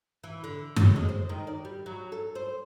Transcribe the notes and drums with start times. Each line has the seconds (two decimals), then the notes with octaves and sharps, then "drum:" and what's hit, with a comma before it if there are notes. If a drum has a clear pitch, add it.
0.24 E3
0.44 D3
0.76 F#3, drum: tom F#2
0.96 G#3
1.09 C5
1.29 D#3
1.47 D5
1.65 G3
1.86 F#3
2.12 A4
2.35 C5